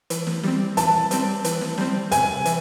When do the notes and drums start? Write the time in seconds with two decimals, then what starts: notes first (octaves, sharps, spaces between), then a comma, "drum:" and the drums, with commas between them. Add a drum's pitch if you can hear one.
0.10 E3, drum: hi-hat
0.27 drum: snare
0.43 G3 C4, drum: snare
0.77 E3 A5, drum: hi-hat
1.11 G3 C4, drum: hi-hat
1.44 E3, drum: hi-hat
1.61 drum: snare
1.78 G3 C4, drum: snare
2.12 C3 G#5, drum: hi-hat
2.45 E3, drum: hi-hat